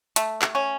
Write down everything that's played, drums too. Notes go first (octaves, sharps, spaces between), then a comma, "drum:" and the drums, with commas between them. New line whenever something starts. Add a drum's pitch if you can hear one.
A3, drum: hi-hat
drum: clap
C#4